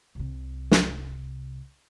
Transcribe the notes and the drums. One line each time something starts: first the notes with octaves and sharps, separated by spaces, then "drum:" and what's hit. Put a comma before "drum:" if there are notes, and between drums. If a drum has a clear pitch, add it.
C2 C3
drum: snare